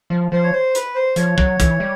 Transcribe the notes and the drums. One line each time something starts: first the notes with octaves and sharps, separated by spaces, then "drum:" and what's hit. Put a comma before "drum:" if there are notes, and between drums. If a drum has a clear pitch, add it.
F3
F3 C5
C#5
C5
B4, drum: hi-hat
C5
F3 C#5, drum: hi-hat
F#3, drum: kick
E3, drum: kick, hi-hat
G3